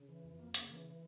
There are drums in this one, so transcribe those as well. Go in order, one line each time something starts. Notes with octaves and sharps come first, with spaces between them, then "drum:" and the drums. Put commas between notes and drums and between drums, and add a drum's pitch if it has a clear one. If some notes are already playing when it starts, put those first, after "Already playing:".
Already playing: C#3
E3
F2
A#3
C#3, drum: hi-hat
E3